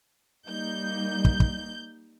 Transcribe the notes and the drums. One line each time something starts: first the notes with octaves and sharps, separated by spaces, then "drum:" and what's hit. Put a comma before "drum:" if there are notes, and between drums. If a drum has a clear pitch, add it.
G3 A#3 D#4 G6
drum: kick
drum: kick